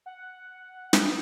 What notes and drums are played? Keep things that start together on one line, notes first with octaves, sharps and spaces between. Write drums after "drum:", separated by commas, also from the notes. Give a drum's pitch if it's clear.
F#5
drum: snare